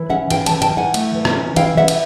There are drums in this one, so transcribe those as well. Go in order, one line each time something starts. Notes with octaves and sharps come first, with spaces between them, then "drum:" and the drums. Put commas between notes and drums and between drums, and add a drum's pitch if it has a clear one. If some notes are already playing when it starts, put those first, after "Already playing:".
Already playing: E3
C#4 E5 F#5
E3 F5 G5, drum: cymbal
G5 A5, drum: cymbal
E3
G5 A5, drum: cymbal
E3
F#5 G#5
A3, drum: cymbal
E3
drum: rim click
C#4
E3 F5 G5, drum: cymbal
E3 E5 F#5
drum: cymbal